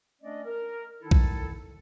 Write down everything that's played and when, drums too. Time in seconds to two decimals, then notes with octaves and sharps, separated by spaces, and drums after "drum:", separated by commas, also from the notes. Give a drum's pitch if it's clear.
0.22 A3 C#4 D4 D5 D#5
0.46 A#4
1.00 D#3 D#4 E4 A4
1.11 drum: kick B1